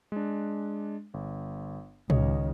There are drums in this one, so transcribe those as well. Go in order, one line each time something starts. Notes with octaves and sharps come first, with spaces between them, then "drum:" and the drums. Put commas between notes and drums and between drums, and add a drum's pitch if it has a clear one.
G#3 D4
G1
C#2 D#3 C#5 D#5, drum: tom